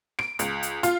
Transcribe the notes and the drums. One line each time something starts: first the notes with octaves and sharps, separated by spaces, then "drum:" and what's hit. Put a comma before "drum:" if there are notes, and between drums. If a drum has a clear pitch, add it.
D7, drum: rim click
C#2, drum: hi-hat
drum: hi-hat
F4, drum: hi-hat